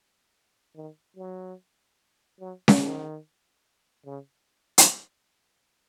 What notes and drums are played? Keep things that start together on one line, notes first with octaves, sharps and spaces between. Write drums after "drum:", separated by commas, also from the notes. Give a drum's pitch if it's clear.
D#3
F#3
F#3
drum: snare C#4
D#3
C#3
drum: hi-hat